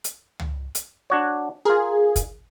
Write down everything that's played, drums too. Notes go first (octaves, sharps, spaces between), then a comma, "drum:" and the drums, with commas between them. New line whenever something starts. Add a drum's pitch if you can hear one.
drum: hi-hat
drum: tom
drum: hi-hat
D4 F#4 C#5
F4 G#4 A#4
drum: kick, hi-hat